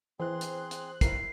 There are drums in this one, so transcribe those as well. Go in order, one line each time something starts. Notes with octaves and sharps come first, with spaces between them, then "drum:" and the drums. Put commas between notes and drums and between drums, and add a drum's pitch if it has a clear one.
E3 C4 G#4 C5 C6 F#6
drum: hi-hat
drum: hi-hat
G2 D#3 E4 A#4 C7, drum: kick, hi-hat